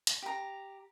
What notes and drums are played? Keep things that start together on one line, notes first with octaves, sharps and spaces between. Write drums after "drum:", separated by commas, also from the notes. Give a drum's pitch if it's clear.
drum: hi-hat
G4 A#5